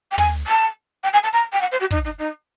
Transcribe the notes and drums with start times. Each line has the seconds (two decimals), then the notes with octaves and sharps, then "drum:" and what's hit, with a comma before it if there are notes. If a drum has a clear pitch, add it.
0.11 G5
0.18 G#5, drum: tom
0.47 A5
1.03 G5
1.13 G#5
1.23 A5
1.33 A#5, drum: hi-hat
1.52 G5
1.61 F#5
1.71 C5
1.80 G4
1.91 D#4, drum: kick
2.05 D#4
2.18 D#4